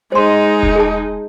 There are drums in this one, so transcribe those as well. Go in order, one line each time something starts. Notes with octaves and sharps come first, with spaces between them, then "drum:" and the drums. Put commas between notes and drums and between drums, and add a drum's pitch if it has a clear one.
G#3 D#4 C5 C6
drum: kick E1
G#4 A5